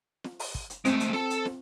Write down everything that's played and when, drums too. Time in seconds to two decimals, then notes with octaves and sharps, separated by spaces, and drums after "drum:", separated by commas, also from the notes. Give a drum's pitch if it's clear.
0.24 drum: snare
0.39 drum: open hi-hat
0.55 drum: kick
0.70 drum: hi-hat
0.85 G#3 A3 C4, drum: hi-hat
1.00 drum: hi-hat
1.13 A4 A5, drum: snare
1.30 drum: hi-hat
1.45 drum: snare